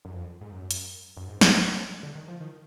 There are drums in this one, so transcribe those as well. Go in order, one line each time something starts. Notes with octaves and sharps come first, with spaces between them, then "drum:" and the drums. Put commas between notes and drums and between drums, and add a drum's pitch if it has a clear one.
F#2
F2
G#2
F#2
drum: hi-hat
F#2
G#2
drum: snare
D3
D#3
F3
D#3